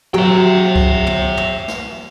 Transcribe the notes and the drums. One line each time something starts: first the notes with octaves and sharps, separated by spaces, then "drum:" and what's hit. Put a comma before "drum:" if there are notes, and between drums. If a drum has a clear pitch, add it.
F#3 E5 G5, drum: tom
drum: kick C2
drum: tom
drum: tom
drum: snare